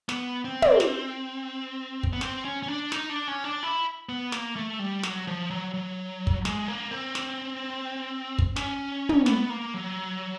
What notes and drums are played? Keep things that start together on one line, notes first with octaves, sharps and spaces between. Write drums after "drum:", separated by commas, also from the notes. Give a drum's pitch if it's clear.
B3, drum: snare
C4
drum: tom
drum: snare
drum: kick
B3
C4, drum: snare
C#4
C#4
D4
D#4, drum: snare
D4
C#4
D4
E4
B3
A#3, drum: snare
A3
G3
F#3, drum: snare
F3
F#3
F#3
drum: kick
G#3, drum: snare
A#3
C4
drum: snare
drum: kick
C#4, drum: snare
drum: tom
B3, drum: snare
A#3
F#3